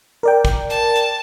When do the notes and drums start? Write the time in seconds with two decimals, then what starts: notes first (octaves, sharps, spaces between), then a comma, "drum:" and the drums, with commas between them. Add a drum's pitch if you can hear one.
0.23 A#4 D5 G5
0.45 drum: kick, hi-hat
0.70 A5, drum: hi-hat
0.96 drum: hi-hat